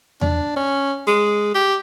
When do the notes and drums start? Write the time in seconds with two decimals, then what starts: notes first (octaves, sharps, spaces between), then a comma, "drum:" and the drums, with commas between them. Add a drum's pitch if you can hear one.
0.21 D4, drum: tom E2
0.57 C#4
1.07 G#3
1.55 G4